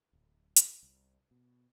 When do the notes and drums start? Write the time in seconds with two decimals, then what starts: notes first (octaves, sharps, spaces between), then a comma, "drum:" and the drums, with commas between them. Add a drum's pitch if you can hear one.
0.13 D1
0.56 drum: hi-hat
0.83 C2
1.31 B2